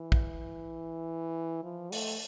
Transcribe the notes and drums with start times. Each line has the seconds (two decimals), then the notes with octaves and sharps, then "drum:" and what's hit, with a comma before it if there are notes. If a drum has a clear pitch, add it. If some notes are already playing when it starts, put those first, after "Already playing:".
Already playing: E3
0.12 drum: kick
1.63 F3
1.92 A3, drum: open hi-hat